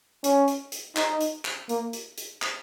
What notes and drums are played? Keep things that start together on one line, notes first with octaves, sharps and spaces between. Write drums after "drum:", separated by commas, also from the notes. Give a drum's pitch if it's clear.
C#4, drum: hi-hat
drum: hi-hat
drum: hi-hat
D#4, drum: clap
drum: hi-hat
drum: clap
A#3, drum: hi-hat
drum: hi-hat
drum: hi-hat
drum: clap